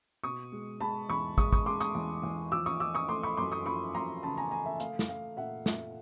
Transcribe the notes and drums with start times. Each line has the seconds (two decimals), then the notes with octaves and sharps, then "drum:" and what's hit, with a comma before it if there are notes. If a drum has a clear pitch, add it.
0.23 B2 C#6 D#6
0.52 G#3
0.81 G#3 A5 B5
1.09 E2 B5 C#6
1.38 G#3 C#6 D#6, drum: kick
1.52 C#6 D#6, drum: kick
1.66 G#3 C6 D6
1.80 C#6 D#6, drum: hi-hat
1.95 E2
2.23 E2
2.52 F3 D6 E6
2.66 C#6 D#6
2.80 F3 D6 E6
2.95 C#6 D#6
3.09 A3 C6 D6
3.23 B5 C#6
3.37 F#2 C6 D6
3.52 C#6 D#6
3.66 F3 B5 C#6
3.95 F#2 A#5 C6
4.23 C#3 A5 B5
4.37 G#5 A#5
4.51 A3 G#5 A#5
4.66 E5
4.80 A3 F5, drum: hi-hat
4.99 drum: snare
5.09 A3 F5
5.37 A#2 E5 F#5
5.66 A#2 E5, drum: snare